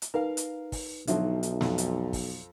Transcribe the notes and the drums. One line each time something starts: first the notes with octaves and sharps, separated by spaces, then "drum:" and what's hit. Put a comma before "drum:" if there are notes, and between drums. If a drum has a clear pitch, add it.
drum: hi-hat
D#4 A#4 B4 F5
drum: hi-hat
drum: kick, open hi-hat
B1 D3 F3 F#3 D#4 E5, drum: hi-hat
drum: hi-hat
F2, drum: snare
drum: hi-hat
drum: kick, open hi-hat